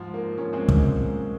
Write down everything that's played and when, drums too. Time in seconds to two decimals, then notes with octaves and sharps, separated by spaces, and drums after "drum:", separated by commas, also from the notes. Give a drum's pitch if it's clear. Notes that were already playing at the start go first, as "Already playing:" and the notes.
Already playing: G#2 F3
0.14 A#3
0.37 G#2 F3 A#3 C#4
0.53 G#3 C4
0.68 G#3 C4, drum: kick